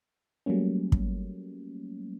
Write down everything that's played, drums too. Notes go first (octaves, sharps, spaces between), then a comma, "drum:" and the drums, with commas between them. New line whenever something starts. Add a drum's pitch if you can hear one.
F#3 G3 A3 A#3 C#4
drum: kick